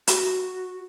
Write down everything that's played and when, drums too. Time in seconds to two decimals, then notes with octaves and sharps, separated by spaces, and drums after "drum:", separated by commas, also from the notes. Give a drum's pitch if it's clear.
0.07 F#4, drum: hi-hat